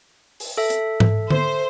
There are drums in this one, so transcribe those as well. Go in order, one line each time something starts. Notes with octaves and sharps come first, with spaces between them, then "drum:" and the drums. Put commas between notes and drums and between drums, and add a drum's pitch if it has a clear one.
drum: open hi-hat
A4 E5
drum: hi-hat
drum: tom G#2
C5, drum: tom D3